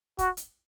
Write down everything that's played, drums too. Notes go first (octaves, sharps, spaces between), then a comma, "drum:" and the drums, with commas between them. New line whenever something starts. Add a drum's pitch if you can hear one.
F#4, drum: kick, hi-hat
drum: hi-hat